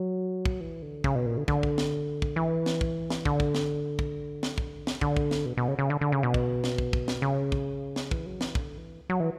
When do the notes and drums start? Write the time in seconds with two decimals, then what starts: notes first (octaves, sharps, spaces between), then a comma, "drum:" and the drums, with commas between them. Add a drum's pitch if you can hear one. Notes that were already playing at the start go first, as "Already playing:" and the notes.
Already playing: F#3
0.45 drum: kick
0.61 E3
0.82 D3
1.04 C#3, drum: kick
1.15 B2
1.26 A#2
1.37 D3
1.48 D3, drum: kick
1.63 drum: kick
1.78 drum: snare
2.22 drum: kick
2.36 E3
2.66 drum: snare
2.81 drum: kick
3.10 drum: snare
3.25 D3, drum: kick
3.40 drum: kick
3.55 drum: snare
3.99 drum: kick
4.43 drum: snare
4.58 drum: kick
4.87 drum: snare
5.01 D3, drum: kick
5.17 drum: kick
5.31 drum: snare
5.46 B2
5.57 B2
5.68 C#3
5.79 C#3
5.90 D3
6.01 D3
6.12 C#3
6.23 B2
6.34 drum: kick
6.64 drum: snare
6.78 drum: kick
6.93 drum: kick
7.08 drum: snare
7.22 C#3
7.52 drum: kick
7.96 drum: snare
8.11 E3, drum: kick
8.26 F#3
8.41 E3, drum: snare
8.55 D3, drum: kick
8.78 E3
9.10 F#3
9.20 E3